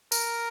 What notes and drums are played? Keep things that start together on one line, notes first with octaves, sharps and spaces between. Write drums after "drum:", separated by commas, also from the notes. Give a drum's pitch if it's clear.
A#4, drum: tambourine